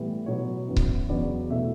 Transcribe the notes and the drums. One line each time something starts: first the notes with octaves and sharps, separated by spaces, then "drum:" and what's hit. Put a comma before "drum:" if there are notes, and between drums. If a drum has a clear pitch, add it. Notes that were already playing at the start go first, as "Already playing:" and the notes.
Already playing: A2 E3 G3 B3
B2 F#3 B3 C#5
F#2 E3 B3 E4
drum: kick C#1
E2 C#3 F#3 B3 D5
B2 A3 E4 E5